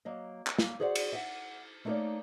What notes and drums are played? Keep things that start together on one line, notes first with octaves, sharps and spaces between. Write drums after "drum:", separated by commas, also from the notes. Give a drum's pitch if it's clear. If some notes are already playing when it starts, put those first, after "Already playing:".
F#3 A#3 D#5
drum: clap
A#3, drum: snare
F#4 G#4 C5 D5 D#5 F#5
drum: cymbal
E5 F#5
A3 A#3 D#4 A#4 C#5 D5